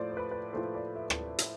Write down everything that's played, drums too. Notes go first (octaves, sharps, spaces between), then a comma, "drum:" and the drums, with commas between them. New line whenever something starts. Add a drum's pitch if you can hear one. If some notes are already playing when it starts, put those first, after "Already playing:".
Already playing: A2 F3 A3 C5 D5
C5
B4
B4
A2 F3 A3 C5
D5
E5
drum: rim click
drum: hi-hat